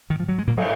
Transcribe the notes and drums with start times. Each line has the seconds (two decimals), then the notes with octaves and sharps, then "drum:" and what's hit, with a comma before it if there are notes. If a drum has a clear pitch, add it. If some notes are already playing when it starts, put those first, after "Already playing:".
0.10 G#2 D#3
0.20 F3
0.28 F#3
0.38 G#3
0.47 A#2 A#3
0.57 F#3, drum: cymbal